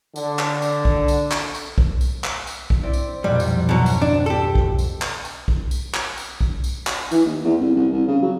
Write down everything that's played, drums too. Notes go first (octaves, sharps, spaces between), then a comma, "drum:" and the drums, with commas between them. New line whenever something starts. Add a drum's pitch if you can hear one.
D3, drum: tambourine
drum: clap
drum: tambourine
drum: kick B1
drum: tambourine
drum: clap
drum: tambourine
drum: kick B1
drum: tambourine
drum: clap
drum: tambourine
drum: kick B1
C4 E4 D5
drum: tambourine
B1 F2 A#2 G3
drum: tambourine
G#1 B2 F#3
drum: tambourine
D4
G4 A4
drum: kick B1
drum: tambourine
drum: clap
drum: tambourine
drum: kick B1
drum: tambourine
drum: clap
drum: tambourine
drum: kick B1
drum: tambourine
drum: clap
E3, drum: tambourine
D#2
E2
C2
C2
C2
C#3
F#3